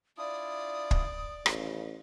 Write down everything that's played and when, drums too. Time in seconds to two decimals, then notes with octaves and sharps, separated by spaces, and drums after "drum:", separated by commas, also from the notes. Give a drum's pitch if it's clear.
0.18 D4 E4 F4 D5 D#6
0.91 drum: kick
1.46 A1 D#2 C#3, drum: rim click